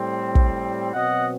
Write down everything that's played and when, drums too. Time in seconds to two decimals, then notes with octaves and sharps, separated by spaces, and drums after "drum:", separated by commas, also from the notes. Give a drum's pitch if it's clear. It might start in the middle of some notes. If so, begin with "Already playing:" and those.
Already playing: A2 G3 C4
0.35 drum: kick
0.93 B2 F#3 C4 D#5 F#5